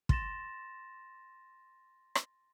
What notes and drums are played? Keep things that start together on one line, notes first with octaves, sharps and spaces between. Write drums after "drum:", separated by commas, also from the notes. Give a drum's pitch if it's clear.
C6 A6 A#6 E7, drum: kick
drum: rim click